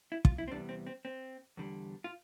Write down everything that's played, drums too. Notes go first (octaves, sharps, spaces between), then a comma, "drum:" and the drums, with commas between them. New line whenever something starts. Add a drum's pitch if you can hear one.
E4
F4, drum: kick
E4
C4
E2 C3 G3 B3 D4
C4
C4
C4
E2 D3 G3
F4